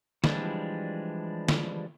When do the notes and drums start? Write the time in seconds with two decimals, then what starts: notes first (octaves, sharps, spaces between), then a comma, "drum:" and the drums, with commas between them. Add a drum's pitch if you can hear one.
0.24 E3 F3 G3 G#3 D4, drum: snare
1.48 drum: snare